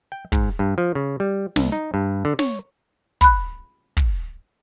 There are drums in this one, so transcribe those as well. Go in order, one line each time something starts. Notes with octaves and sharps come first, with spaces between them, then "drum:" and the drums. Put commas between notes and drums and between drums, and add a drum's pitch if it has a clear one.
G5
G#2, drum: kick
G2
F3
C#3
G3
C2, drum: snare
D#4
G2
D3
C#5, drum: snare
B5 F#6, drum: kick
drum: kick